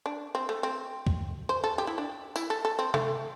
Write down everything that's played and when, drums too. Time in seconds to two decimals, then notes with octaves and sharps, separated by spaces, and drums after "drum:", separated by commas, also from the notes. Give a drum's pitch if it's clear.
0.06 D4
0.35 C4
0.49 A3
0.63 C4
1.07 drum: kick
1.49 C5
1.64 A4
1.78 G4
1.87 E4
1.98 D4
2.36 E4, drum: tambourine
2.50 A4
2.65 A4
2.79 C4
2.94 A3, drum: tom C3